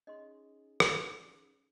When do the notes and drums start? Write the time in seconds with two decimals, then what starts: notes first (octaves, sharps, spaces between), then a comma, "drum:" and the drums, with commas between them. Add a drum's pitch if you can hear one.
0.07 C#4 D#4 G#4 D#5 C6
0.80 drum: rim click